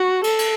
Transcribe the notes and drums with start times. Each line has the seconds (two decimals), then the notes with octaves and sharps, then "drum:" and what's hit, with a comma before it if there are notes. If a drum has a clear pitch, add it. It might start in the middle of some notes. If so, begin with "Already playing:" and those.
Already playing: F#4
0.24 A4, drum: cymbal
0.39 drum: cymbal